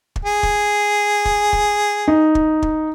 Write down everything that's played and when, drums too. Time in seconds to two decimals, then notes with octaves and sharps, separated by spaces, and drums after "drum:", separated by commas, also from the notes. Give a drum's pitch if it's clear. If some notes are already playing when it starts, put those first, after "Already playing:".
0.16 drum: kick
0.25 G#4
0.43 drum: kick
1.25 drum: kick
1.53 drum: kick
2.08 D#4
2.35 drum: kick
2.62 drum: kick